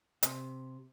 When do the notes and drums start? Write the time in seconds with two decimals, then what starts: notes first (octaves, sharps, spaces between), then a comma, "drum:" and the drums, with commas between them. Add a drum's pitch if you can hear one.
0.23 C3, drum: hi-hat